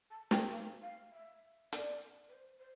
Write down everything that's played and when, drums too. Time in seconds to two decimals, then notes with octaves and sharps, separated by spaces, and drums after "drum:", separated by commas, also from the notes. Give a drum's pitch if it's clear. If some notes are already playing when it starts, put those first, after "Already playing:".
0.10 A5
0.31 G5, drum: snare
0.51 F5
0.82 F5
1.12 E5
1.73 D5, drum: hi-hat
2.29 B4
2.33 C5
2.59 C5